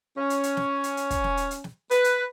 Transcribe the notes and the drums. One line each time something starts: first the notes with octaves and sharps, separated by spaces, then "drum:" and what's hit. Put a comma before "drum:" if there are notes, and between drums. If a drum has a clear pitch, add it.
C#4
drum: hi-hat
drum: hi-hat
drum: snare
drum: hi-hat
drum: hi-hat
drum: kick, hi-hat
drum: snare
drum: hi-hat
drum: hi-hat
drum: snare
B4, drum: hi-hat
drum: hi-hat